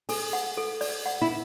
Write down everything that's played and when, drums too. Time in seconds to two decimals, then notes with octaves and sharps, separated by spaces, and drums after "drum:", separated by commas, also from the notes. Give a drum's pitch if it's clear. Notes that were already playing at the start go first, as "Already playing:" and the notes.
0.09 G#4 A4, drum: open hi-hat
0.33 F#5
0.57 A4
0.81 D5, drum: open hi-hat
1.06 F#5
1.22 E4